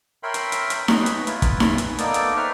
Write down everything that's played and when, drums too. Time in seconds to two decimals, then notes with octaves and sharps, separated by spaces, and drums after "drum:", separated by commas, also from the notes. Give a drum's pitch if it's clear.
0.23 A#4 C#5 E5 G5 B5 C6
0.34 drum: hi-hat
0.52 drum: hi-hat
0.70 drum: hi-hat
0.88 D#4 F#4 B4 C#5, drum: snare D#4
1.06 drum: hi-hat
1.27 E4 F4 B4, drum: hi-hat
1.42 drum: kick, hi-hat
1.60 drum: snare D#4
1.78 drum: hi-hat
1.99 A#3 B3 D#4 A4 D5 D6, drum: hi-hat
2.14 drum: hi-hat
2.37 B4 C5 E5 G5 C#6 F6